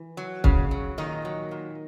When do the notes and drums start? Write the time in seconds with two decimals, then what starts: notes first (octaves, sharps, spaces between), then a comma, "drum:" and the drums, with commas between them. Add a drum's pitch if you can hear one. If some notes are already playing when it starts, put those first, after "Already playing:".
Already playing: E3
0.17 F#3
0.44 C#3, drum: kick
0.71 F#3
0.98 A#2 D#3 D#4
1.25 F#3
1.51 A#2